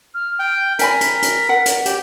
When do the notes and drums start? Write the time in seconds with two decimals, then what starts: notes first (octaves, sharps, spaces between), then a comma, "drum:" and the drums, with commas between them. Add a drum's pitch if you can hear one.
0.14 F6
0.39 G5
0.79 A#4 G5 G#5 B5 B6, drum: hi-hat
1.01 drum: hi-hat
1.22 drum: hi-hat
1.49 A#4 F#5
1.66 drum: hi-hat
1.85 G4, drum: hi-hat